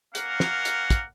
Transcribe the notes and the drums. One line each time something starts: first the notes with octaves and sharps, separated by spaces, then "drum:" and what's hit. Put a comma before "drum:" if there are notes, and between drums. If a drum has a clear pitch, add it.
A#3 C#4 A#4 F5 F#5, drum: hi-hat
drum: snare
drum: hi-hat
drum: kick, hi-hat